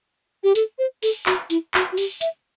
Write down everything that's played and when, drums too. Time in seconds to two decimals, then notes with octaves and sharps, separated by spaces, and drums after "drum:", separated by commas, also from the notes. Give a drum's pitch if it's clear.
0.43 G4
0.55 A4, drum: hi-hat
0.78 C5
1.03 A4, drum: open hi-hat
1.26 F#4, drum: clap
1.50 E4, drum: hi-hat
1.74 F#4, drum: clap
1.92 F#4
1.98 G4, drum: open hi-hat
2.21 E5, drum: hi-hat